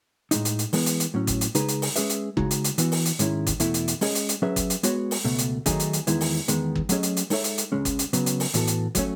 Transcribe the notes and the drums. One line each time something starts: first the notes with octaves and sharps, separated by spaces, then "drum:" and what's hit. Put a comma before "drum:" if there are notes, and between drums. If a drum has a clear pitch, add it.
A2 G#3 D#4, drum: hi-hat
drum: hi-hat
drum: hi-hat
E3 G#3 B3, drum: open hi-hat
drum: hi-hat
drum: hi-hat
A2 F#3 C#4
drum: kick, hi-hat
drum: hi-hat
C#3 G#3 D#4 G#4 B4, drum: hi-hat
drum: hi-hat
drum: open hi-hat
G#3 C#4 G#4 B4 E5, drum: hi-hat
drum: hi-hat
C#3 G#3 D#4 F#4, drum: kick
drum: hi-hat
drum: hi-hat
E3 B3 F#4, drum: hi-hat
drum: open hi-hat
drum: hi-hat
G#2 D#3 G#3 C#4 E4, drum: hi-hat
drum: kick, hi-hat
E2 B2 A3 E4, drum: hi-hat
drum: hi-hat
drum: hi-hat
G#3 C#4 G#4 D#5, drum: open hi-hat
drum: hi-hat
drum: hi-hat
F#3 C#4 G#4 B4 E5
drum: kick, hi-hat
drum: hi-hat
G#3 B3 F#4 C#5, drum: hi-hat
drum: open hi-hat
C#2 B2 A3
drum: hi-hat
D#3 F#3 A3 D#4 G#4, drum: kick, hi-hat
drum: hi-hat
drum: hi-hat
E2 D#3 G#3 B3 E4, drum: hi-hat
drum: open hi-hat
E2 D#3 G#3 B3, drum: hi-hat
drum: kick
F#3 A3 C#4 G#4 D#5, drum: hi-hat
drum: hi-hat
drum: hi-hat
G#3 D#4 A4 C#5 E5, drum: open hi-hat
drum: hi-hat
drum: hi-hat
C#2 C#3 G#3 C#4
drum: kick, hi-hat
drum: hi-hat
C#3 F#3 B3, drum: hi-hat
drum: hi-hat
drum: open hi-hat
A2 E3 B3 F#4 A4, drum: hi-hat
drum: hi-hat
F#3 A3 C#4, drum: kick, hi-hat